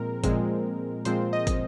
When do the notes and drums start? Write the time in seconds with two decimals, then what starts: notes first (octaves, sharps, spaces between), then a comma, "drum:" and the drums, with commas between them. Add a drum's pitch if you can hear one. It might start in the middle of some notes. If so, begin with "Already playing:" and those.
Already playing: A#2 F3 G#3 C4 A#4
0.24 A#2 F3 G#3 C4, drum: kick, hi-hat
1.05 A#2 F3 G#3 C4 C5, drum: hi-hat
1.33 D#5
1.47 drum: kick, hi-hat